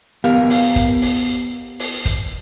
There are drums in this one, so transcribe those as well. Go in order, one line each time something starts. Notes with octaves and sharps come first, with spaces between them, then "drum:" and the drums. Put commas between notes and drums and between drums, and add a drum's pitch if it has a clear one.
B3 G4 A#4 F5, drum: hi-hat
drum: open hi-hat
drum: kick, hi-hat
drum: open hi-hat
drum: open hi-hat
drum: kick, hi-hat